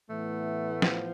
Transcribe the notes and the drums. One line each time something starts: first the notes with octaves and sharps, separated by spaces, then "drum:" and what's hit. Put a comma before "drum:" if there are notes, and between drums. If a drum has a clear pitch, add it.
A2 E3 A3 B3 E4
F3, drum: snare